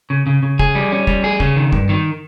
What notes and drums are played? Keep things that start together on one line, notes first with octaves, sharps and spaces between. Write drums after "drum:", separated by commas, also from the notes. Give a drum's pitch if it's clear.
C#3
C#3
C#3
G#4, drum: kick
G3
C#4
G3, drum: kick
G#4
C#3, drum: kick
D#3
G2, drum: kick
D#3